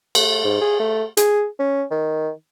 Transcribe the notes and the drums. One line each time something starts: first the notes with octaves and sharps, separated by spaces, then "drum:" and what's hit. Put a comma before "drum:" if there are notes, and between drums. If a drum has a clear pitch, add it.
A3, drum: cymbal
G#2
G#4
A3
G#4, drum: hi-hat
C#4
D#3